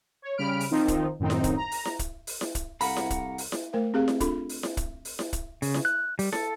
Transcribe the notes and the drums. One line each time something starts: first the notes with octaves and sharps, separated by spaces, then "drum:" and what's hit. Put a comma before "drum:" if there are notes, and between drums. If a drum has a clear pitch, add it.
C#5
C#3 G3 B5 F6 D7
drum: open hi-hat
D#3 F3 C4 D#4
drum: kick, hi-hat
F#2 A2 D#3 C4 D#4
drum: snare E4
drum: kick, hi-hat
A#5
drum: open hi-hat
drum: snare E4
drum: kick, hi-hat
drum: open hi-hat
drum: snare E4
drum: kick, hi-hat
C2 A4 F5 F#5 A#5 B5, drum: open hi-hat
drum: snare E4
drum: kick, hi-hat
drum: open hi-hat
drum: snare E4
A3 A#4 C5 F5
C4 G4 G#4 F5
drum: snare E4
D4 F4 A4 B5, drum: kick, hi-hat
drum: open hi-hat
drum: snare E4
drum: kick, hi-hat
drum: open hi-hat
drum: snare E4
drum: kick, hi-hat
C#3, drum: open hi-hat
drum: snare E4
F#6
G3, drum: open hi-hat
A4, drum: snare E4